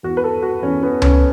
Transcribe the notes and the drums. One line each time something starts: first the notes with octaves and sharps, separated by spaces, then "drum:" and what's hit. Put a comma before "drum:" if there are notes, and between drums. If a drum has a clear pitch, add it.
E2 E3 F#4
B4
A4
F#4
E2 E3 C#4
B3
C#4, drum: tom C#2